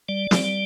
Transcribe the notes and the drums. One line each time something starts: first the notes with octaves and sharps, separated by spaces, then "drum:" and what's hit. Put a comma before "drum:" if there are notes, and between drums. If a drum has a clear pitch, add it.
G3 D5
G3, drum: snare